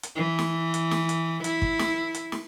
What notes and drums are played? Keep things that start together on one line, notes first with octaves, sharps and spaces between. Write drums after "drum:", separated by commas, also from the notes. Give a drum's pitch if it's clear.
drum: hi-hat
E3
drum: snare
drum: hi-hat
drum: snare
drum: hi-hat
E4, drum: hi-hat
drum: kick
drum: snare
drum: hi-hat
drum: snare